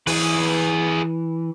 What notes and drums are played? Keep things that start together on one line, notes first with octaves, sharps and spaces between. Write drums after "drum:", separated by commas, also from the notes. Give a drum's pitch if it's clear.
E3 G#4 B4, drum: open hi-hat